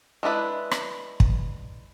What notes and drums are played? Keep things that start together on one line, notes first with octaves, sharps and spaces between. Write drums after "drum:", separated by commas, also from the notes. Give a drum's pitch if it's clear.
G#3 D4 E4 B4
drum: rim click
drum: kick